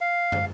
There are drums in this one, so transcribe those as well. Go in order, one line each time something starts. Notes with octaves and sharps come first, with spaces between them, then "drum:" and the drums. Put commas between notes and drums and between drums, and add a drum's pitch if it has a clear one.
F5
drum: tom